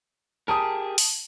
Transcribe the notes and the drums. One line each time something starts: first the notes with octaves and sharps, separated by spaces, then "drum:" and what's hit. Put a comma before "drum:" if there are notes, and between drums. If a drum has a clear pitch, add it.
G4 G#4 A#4 A5 D#6
drum: open hi-hat